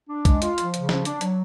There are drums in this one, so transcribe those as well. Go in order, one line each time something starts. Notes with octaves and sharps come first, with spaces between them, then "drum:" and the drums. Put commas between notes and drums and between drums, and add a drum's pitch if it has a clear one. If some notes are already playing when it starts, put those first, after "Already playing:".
D4
G#3, drum: kick, hi-hat
F4, drum: hi-hat
F3, drum: hi-hat
C#3, drum: hi-hat
F3, drum: snare
D4, drum: hi-hat
F#3, drum: hi-hat